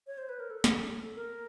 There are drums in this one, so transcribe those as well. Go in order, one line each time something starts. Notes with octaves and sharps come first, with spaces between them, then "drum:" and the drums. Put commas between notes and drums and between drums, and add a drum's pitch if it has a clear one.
C#5
C5
B4
A#4
A4
drum: snare
A#4